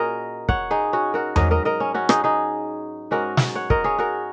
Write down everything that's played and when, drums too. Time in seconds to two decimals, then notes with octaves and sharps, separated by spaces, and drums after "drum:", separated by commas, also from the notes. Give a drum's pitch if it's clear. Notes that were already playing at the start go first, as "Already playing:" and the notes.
Already playing: A#2 C#4 F#4 G#4 A#4 C#5 D#5
0.49 C#5 F#5, drum: kick
0.71 D#4 G#4
0.93 C#4 F#4
1.14 F#4 A#4
1.36 G#2 F#3 C#4 A#4 D#5, drum: tom E2
1.51 A#4 D#5
1.65 A#4 D#5
1.80 C#4
1.94 C#4 F#4
2.09 D#4 G#4, drum: rim click
2.24 D#4 G#4
3.11 G#2 G#3 C#4 F#4 A#4
3.37 drum: snare
3.55 C#5 F#5
3.70 A#4 D#5, drum: kick
3.84 G#4 C#5
3.98 F#4 A#4